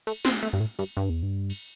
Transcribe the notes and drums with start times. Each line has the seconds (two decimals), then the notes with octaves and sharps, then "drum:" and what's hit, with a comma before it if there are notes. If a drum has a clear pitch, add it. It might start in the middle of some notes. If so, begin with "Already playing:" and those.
0.07 A3, drum: cymbal
0.25 C4, drum: snare
0.43 A3, drum: cymbal
0.53 G2
0.60 A2
0.79 G2, drum: cymbal
0.97 G2
1.10 E2
1.23 G2
1.50 drum: cymbal